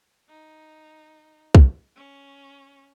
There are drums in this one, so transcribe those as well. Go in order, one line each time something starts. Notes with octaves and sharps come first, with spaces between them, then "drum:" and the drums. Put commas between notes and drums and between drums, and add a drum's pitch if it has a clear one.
D#4
drum: kick
C#4